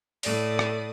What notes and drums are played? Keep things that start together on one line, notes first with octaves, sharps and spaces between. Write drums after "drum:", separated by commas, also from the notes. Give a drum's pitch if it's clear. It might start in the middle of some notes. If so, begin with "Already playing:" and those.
A2 A3 D5 D#6, drum: open hi-hat
drum: rim click